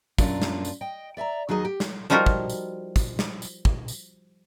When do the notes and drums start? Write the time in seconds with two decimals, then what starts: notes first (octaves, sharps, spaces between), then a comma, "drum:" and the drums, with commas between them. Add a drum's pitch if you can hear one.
0.18 F#2 A#3 D4 F4, drum: kick, tambourine
0.42 drum: snare
0.65 drum: tambourine
0.81 D#5 G5
1.17 D5 E5 G#5 A#5
1.49 D#2 F#3 D#4 G#4 D#5
1.65 G4
1.80 drum: snare
2.10 F3 G3 D#4 F4 F#4 A#4
2.26 drum: kick
2.50 drum: tambourine
2.96 drum: kick, tambourine
3.19 drum: snare
3.42 drum: tambourine
3.65 drum: kick
3.88 drum: tambourine